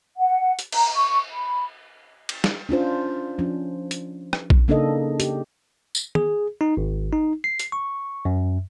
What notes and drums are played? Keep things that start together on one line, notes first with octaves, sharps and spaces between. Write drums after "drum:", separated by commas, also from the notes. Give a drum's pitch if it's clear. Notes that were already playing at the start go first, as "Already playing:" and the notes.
F#5
drum: hi-hat
A#5, drum: cymbal
C#6
B5
drum: cymbal
drum: snare
C#4 D4 F4 C5
F3 C#4 D4
drum: hi-hat
drum: rim click
drum: kick A#1
C#3 A#3 D4 D#4 A4 D#5
G4, drum: hi-hat
drum: tambourine
G#4, drum: tom
D#4
G#1
D#4
C7
drum: hi-hat
C#6
F#2